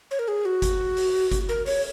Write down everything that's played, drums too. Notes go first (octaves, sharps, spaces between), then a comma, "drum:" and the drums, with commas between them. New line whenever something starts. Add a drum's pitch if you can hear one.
C#5
A#4
G#4
F#4
drum: kick G1, hi-hat
drum: open hi-hat
drum: kick G1, hi-hat
A#4
C#5, drum: open hi-hat